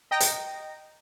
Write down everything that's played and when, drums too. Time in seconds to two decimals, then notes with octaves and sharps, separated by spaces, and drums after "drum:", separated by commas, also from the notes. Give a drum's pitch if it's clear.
0.11 D#5 G5 A#5 A#6
0.20 drum: hi-hat